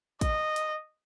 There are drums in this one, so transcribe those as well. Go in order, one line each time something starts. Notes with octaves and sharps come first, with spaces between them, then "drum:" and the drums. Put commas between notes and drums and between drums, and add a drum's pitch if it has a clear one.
D#5, drum: kick A1, hi-hat
drum: hi-hat